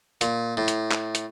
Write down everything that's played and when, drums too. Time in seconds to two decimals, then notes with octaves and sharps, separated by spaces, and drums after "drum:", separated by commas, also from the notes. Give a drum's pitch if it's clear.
0.21 A#2, drum: hi-hat
0.57 A2
0.68 drum: hi-hat
0.91 drum: clap
1.15 drum: hi-hat